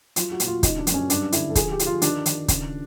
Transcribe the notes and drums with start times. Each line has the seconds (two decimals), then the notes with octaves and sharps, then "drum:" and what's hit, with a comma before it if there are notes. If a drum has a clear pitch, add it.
0.16 F#3 F4, drum: hi-hat
0.32 F#4
0.40 A#2, drum: hi-hat
0.47 F4
0.63 C#3 D#4, drum: kick, hi-hat
0.78 D4
0.87 F#2, drum: hi-hat
0.94 C#4
1.10 G2 D4, drum: hi-hat
1.32 D3 E4, drum: hi-hat
1.50 A4
1.55 F3 G#4, drum: kick, hi-hat
1.71 G4
1.79 F3, drum: hi-hat
1.86 F4
2.02 D#3 D4, drum: hi-hat
2.26 D#3, drum: hi-hat
2.48 C#3, drum: kick, hi-hat